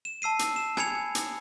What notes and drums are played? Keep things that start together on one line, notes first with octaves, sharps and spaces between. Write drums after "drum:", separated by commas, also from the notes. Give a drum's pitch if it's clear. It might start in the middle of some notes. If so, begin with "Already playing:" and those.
E7
A5 E6 C7 D#7
drum: hi-hat
E7
G#5 B5 G#6 C#7 F7, drum: rim click
drum: hi-hat